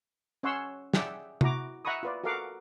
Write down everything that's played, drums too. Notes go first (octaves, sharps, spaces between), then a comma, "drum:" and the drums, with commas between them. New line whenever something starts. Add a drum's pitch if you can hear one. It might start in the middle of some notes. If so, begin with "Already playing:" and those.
C#4 C#5 F#5 C6 E6
G#4 D5 E5 F#5 G5, drum: snare
E4 F#4 A#5 D6, drum: tom
E5 F#5 A#5 B5 C#6 D#6
F4 B4 D5
F#4 A4 A#4 F5 F#5 D6